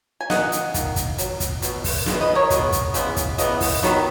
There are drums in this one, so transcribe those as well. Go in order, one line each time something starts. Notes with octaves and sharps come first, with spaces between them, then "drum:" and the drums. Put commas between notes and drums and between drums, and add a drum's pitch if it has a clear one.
G#5
D#3 A#3 D#5 F#5, drum: snare
drum: hi-hat
D#3 A#3, drum: kick, hi-hat
drum: kick, hi-hat
B2 F#3, drum: hi-hat
drum: kick, hi-hat
B2 F#3 B3, drum: hi-hat
drum: kick, open hi-hat
B2 G#3 B3, drum: snare
B4 D#5
A#4 C#5
B2 G#3 B3, drum: kick, hi-hat
drum: kick, hi-hat
C#3 E3 G#3 B3, drum: hi-hat
drum: kick, hi-hat
C#3 E3 B3 D#5, drum: hi-hat
drum: kick, open hi-hat
D#3 F#3 B3, drum: snare